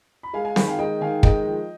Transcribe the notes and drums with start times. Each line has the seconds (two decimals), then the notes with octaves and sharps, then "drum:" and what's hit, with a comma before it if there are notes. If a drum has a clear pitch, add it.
0.23 B5
0.33 G#3 F5 G#5
0.45 F5 G#5
0.56 D#3 G5 B5, drum: snare C4
0.67 F5 G#5
0.78 G#3 D#5 G5
1.01 D#3 F5 G#5
1.23 G#3 D#5 G5, drum: kick
1.46 F3